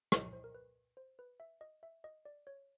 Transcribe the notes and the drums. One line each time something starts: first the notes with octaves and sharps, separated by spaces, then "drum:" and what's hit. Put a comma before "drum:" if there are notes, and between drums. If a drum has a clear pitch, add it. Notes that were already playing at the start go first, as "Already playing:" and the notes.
C#5, drum: rim click
C5
A#4
B4
C5
B4
E5
D#5
E5
D#5
D5
C#5